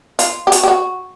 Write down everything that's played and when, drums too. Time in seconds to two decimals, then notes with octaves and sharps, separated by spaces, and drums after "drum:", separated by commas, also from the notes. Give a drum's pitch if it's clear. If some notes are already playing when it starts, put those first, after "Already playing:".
0.19 F4, drum: hi-hat
0.47 G4
0.52 F#4, drum: hi-hat
0.63 G4
0.68 F#4